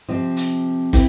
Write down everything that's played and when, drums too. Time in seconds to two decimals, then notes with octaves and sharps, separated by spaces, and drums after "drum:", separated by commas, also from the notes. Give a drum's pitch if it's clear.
0.08 C3 F3 C4
0.37 drum: hi-hat
0.93 C4 E4, drum: kick, hi-hat